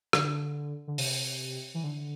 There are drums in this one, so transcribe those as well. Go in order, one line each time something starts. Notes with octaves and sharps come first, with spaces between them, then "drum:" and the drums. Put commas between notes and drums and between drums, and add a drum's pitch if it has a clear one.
D3, drum: rim click
D3
C3, drum: open hi-hat
E3
D3